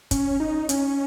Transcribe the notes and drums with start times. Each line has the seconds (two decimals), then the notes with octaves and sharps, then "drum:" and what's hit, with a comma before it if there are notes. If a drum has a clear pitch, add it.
0.11 C#4, drum: kick, hi-hat
0.40 D#4
0.69 C#4, drum: hi-hat